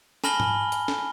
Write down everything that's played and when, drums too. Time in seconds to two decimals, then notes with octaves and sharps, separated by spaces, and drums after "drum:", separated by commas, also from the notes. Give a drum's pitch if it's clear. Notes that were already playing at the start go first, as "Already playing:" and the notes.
0.24 G#5 A5 B5 F6 A#6 G7, drum: snare
0.40 drum: tom G#2
0.72 drum: hi-hat
0.88 drum: snare